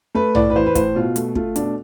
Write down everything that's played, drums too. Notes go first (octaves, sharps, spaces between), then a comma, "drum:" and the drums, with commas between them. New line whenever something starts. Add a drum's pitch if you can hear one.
A3 B4
A2 D5, drum: tom B1
B4
E3 C5
B4
A2 C5, drum: kick, hi-hat
B2 F4
A3, drum: hi-hat
A3 F4, drum: kick
B2 D4, drum: hi-hat